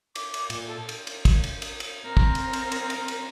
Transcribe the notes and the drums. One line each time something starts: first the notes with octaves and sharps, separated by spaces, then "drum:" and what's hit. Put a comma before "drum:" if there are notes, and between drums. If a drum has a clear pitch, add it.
D6, drum: cymbal
drum: cymbal
A#2, drum: cymbal
A4
drum: cymbal
drum: cymbal
drum: kick, cymbal
drum: cymbal
drum: cymbal
drum: cymbal
C4 A#4
drum: kick
drum: cymbal
drum: cymbal
drum: cymbal
drum: cymbal
drum: cymbal